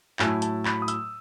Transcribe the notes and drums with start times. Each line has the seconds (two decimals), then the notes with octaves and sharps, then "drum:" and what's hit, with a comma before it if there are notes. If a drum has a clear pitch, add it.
0.19 A2 F#3 A3 E4 G#5, drum: clap
0.42 A5, drum: hi-hat
0.65 B5, drum: clap
0.82 D#6
0.88 E6, drum: hi-hat